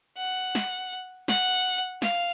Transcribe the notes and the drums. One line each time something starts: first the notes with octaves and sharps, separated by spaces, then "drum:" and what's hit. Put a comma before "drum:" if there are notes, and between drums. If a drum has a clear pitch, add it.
F#5
drum: snare
F#5, drum: snare
F5, drum: snare